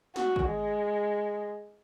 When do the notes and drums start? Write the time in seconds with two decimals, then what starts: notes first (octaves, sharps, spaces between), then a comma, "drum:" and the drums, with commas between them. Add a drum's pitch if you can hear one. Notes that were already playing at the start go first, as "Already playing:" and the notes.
0.16 F#4, drum: snare
0.36 drum: kick
0.47 G#3